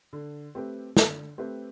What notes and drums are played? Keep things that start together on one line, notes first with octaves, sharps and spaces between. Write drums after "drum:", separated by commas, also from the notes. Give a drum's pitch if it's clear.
D3
A3 C4 G4 B4
D3, drum: snare
A3 C4 G4 B4